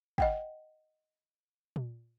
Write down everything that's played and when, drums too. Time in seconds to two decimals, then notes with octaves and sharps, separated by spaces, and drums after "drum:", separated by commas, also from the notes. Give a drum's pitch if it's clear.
0.18 D#5 F#5 G5, drum: kick
1.76 drum: tom A#2